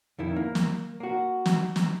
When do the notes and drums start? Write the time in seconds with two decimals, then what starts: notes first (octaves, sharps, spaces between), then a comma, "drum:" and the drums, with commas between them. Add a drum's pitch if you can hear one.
0.19 F2 D#3 E4
0.36 A#3
0.55 drum: snare
1.00 A#3 F#4
1.46 drum: snare
1.76 drum: snare